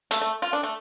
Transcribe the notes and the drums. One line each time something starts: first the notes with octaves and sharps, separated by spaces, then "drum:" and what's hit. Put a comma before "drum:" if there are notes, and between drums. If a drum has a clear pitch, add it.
A3, drum: hi-hat
A3
F4
D4
A3